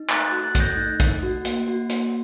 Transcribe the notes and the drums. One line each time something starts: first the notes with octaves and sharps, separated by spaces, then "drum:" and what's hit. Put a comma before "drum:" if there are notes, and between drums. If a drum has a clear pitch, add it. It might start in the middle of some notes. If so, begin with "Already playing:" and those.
Already playing: D#4
A3 F#6 A6, drum: clap
F#6 A6
F#4
F#6 A6
A3, drum: kick A#1, hi-hat
G6 A#6
D#4 F#6 A6
A3, drum: kick A#1, hi-hat
F#4
A#3, drum: hi-hat
F#4
A#3, drum: hi-hat